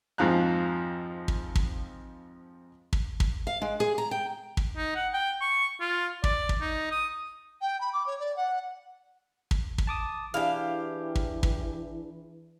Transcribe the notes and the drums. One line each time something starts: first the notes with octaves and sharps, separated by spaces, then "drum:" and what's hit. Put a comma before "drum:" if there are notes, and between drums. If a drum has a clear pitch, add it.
F2 G#2 F3 F5 A#5 F#6
drum: kick
drum: kick
drum: kick
drum: kick
F5
G#3
G#4
A#5
G5
drum: kick
D#4
F#5
G5
C#6
F4
D5, drum: kick
drum: kick
D#4
D#6
G5
B5
D6
C#5
D5
F#5
drum: kick
drum: kick
A5 D6 D#6
E3 D4 E4 G4 G#4 F5
drum: kick
drum: kick